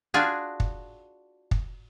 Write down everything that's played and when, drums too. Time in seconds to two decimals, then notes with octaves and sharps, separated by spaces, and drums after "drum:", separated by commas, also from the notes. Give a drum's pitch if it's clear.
0.14 D4 F4 F#4 G#4
0.60 drum: kick
1.51 drum: kick